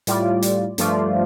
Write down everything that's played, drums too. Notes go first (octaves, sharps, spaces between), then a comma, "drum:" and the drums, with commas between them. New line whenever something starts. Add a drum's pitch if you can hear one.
A2 G3 F4 D5, drum: hi-hat
drum: hi-hat
G2 F3 A3 F4 D5, drum: hi-hat